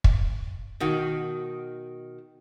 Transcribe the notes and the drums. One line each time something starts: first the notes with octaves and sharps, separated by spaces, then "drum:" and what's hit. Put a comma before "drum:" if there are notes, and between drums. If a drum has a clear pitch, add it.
drum: kick
B2 D#3 F#4